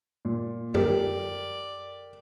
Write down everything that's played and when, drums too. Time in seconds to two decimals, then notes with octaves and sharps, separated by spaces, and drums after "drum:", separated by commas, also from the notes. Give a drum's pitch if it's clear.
0.25 A#2
0.74 G4 A4 A#4 D5, drum: tom F#2